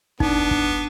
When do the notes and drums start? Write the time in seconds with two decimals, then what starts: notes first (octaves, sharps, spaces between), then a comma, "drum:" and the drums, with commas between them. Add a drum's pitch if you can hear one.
0.20 B3 D4 D#4, drum: kick
0.51 drum: kick